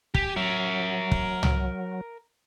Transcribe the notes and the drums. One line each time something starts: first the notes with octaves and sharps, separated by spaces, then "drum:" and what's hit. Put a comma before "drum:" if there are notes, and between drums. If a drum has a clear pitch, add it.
G4 G#5, drum: kick
F#3 A#4 E5
drum: kick
drum: tom